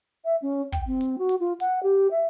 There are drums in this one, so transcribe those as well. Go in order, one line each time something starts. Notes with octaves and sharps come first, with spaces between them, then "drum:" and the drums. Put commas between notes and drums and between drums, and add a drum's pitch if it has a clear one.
E5
C#4
G5, drum: kick, hi-hat
C4
drum: hi-hat
F#4
drum: hi-hat
F4
F#5, drum: hi-hat
G4
E5